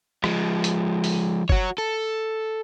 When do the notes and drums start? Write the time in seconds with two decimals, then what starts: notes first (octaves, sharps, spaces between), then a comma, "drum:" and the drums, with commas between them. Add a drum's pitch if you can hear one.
0.24 F3 G#3, drum: rim click
0.64 drum: hi-hat
1.04 drum: open hi-hat
1.49 F#4 C#5, drum: kick F#1
1.78 A4